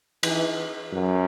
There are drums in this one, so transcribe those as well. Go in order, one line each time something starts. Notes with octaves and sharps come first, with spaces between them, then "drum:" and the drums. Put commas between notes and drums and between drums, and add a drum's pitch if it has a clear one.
E3, drum: cymbal
F#2